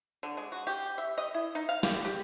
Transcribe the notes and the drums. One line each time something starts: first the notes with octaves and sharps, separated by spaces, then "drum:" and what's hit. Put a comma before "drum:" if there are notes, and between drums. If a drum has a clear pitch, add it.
D3
G#3
F#4
G4
E5
D#5
E4
D#4
F5
G4, drum: snare
G4